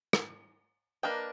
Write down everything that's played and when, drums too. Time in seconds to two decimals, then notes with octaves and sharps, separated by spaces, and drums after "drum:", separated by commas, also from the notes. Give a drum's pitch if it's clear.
0.13 drum: rim click
1.03 A#3 D4 A#4 B4 D#5 G5